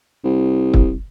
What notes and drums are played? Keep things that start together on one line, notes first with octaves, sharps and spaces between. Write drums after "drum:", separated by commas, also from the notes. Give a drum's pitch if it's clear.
C2
drum: kick